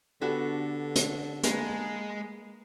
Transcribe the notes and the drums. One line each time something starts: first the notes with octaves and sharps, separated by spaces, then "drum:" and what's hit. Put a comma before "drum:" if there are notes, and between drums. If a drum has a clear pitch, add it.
D3 B3 D4 F#4 G4 A4 F#5
drum: hi-hat
G#3 A#3 B4 A5, drum: hi-hat